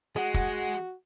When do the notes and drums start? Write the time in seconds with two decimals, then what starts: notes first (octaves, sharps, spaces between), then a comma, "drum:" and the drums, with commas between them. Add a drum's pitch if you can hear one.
0.16 G#3 F#4 G#4 D#5 F#5
0.34 drum: kick